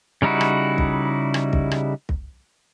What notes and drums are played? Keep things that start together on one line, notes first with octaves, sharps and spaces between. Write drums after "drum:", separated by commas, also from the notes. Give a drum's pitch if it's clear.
C#3 G3 D#4 E4 F#4
drum: rim click
drum: kick
drum: rim click
drum: kick
drum: rim click
drum: kick